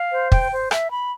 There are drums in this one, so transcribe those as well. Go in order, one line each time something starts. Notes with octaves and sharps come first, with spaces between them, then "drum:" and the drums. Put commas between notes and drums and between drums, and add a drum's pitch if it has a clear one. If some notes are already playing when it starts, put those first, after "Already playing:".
Already playing: F5
C5
G5, drum: kick
C5
E5, drum: rim click
B5